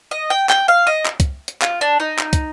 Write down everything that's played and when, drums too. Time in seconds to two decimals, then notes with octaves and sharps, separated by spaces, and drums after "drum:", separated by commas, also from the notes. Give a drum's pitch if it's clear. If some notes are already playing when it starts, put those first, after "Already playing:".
0.11 D#5
0.30 G5
0.49 G5, drum: clap
0.68 F5
0.87 D#5
1.06 drum: clap
1.20 drum: kick, hi-hat
1.48 drum: hi-hat
1.62 F4, drum: clap
1.81 D4
2.00 D#4
2.19 drum: clap
2.33 drum: kick, hi-hat